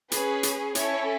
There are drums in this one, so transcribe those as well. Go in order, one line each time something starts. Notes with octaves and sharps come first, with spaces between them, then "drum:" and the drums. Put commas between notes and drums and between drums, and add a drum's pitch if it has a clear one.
C#4 G#4 B4, drum: hi-hat
drum: hi-hat
C#4 E4 A4 C#5, drum: hi-hat